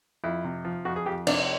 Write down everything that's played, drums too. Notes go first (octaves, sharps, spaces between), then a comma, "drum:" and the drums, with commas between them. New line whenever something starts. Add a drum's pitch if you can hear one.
F2 E4
C3
F3
F2 F#4
G#4
F2 G4
C3 D4, drum: cymbal